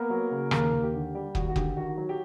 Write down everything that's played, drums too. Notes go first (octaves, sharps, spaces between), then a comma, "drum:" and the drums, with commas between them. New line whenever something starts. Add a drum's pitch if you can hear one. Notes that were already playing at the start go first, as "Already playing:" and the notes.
Already playing: A#3 B3 A#4
F#3
C#3
D#2 A#3 A#4, drum: rim click
D#2
G4
D3
G3 G4
D#2 F#4, drum: kick
F#4
D3 G4, drum: kick
D#3 F#4
F#3
G4